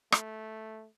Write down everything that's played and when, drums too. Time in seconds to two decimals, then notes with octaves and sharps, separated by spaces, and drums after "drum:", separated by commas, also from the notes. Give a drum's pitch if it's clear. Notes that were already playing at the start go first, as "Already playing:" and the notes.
0.12 A3, drum: rim click